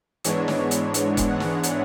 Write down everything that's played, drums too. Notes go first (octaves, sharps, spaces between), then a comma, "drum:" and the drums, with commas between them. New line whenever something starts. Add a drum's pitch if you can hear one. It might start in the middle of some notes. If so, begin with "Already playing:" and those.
G#2 E3 G#3 B3 D4 C#5, drum: hi-hat
drum: snare
drum: hi-hat
drum: hi-hat
drum: kick F1, hi-hat
F#5
drum: snare
drum: hi-hat